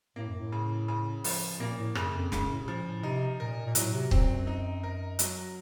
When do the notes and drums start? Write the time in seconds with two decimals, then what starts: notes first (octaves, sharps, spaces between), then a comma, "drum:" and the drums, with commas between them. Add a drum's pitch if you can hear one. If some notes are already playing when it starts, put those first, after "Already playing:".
0.16 A2 A#3
0.28 F#2
0.39 A2
0.52 C#3
0.88 C#3
1.24 F3, drum: open hi-hat
1.60 A#2 A#3
1.77 A2
1.95 F#2 C#3, drum: rim click
2.14 F2
2.32 F#2 C#3, drum: snare
2.50 A2
2.60 C3
2.68 A#2 F3
2.86 A2
3.03 C3 D#4
3.40 A#2 A#4
3.66 A#2
3.75 A2 F#3, drum: hi-hat
3.93 C3
4.11 A#2 C4, drum: kick
4.30 F#2
4.47 D#4
4.83 A#4
5.19 F#3, drum: hi-hat